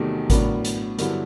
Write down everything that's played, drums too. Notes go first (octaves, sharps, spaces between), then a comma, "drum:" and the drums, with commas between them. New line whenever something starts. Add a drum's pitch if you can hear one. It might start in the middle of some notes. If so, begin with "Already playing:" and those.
Already playing: E2 C3 D#3 F#3 A3
A2 F#3 B3 D4 A#4, drum: kick G#1, hi-hat
drum: hi-hat
G2 D3 F#3 B3 E4 A#4, drum: hi-hat